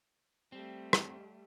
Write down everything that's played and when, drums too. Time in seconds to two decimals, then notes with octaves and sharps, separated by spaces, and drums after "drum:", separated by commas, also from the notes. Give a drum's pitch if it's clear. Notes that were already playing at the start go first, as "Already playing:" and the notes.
0.52 G3 A3 C4
0.93 drum: rim click